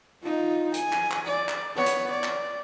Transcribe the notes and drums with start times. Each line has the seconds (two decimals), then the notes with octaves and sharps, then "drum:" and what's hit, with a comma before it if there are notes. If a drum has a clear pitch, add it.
0.22 D#4 F4
0.74 G#5, drum: hi-hat
0.92 drum: clap
1.11 drum: clap
1.26 D5
1.49 drum: clap
1.75 B3 C#5
1.86 drum: hi-hat
2.11 D5
2.24 drum: clap